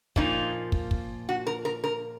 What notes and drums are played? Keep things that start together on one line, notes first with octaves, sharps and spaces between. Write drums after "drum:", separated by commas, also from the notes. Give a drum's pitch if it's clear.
A#2 F3 A#3 D#4, drum: kick
drum: kick
drum: kick
F#4
A#4
A#4
A#4